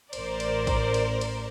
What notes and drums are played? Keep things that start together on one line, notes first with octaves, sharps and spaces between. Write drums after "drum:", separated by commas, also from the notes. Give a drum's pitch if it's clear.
A1 A#4 C5 D5, drum: cymbal
drum: cymbal
drum: kick A#1, cymbal
drum: cymbal
drum: cymbal